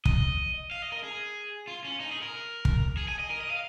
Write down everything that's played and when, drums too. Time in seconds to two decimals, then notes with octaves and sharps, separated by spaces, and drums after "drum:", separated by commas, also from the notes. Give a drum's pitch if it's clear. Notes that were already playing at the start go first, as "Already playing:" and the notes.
0.05 D#5, drum: kick
0.71 F5
0.82 D#5
0.92 A#4
1.04 G#4
1.67 F4
1.85 C#4
2.00 D#4
2.11 G#4
2.22 A#4
2.65 drum: kick
2.97 G#4
3.08 G#5
3.19 D#5
3.30 A#4
3.41 D#5
3.51 F5